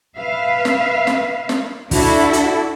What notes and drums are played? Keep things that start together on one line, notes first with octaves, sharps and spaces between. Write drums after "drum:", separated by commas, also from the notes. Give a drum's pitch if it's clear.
B4 E5 F5
drum: snare
drum: snare
drum: snare
D4 E4 F#4 A4, drum: kick, open hi-hat
drum: hi-hat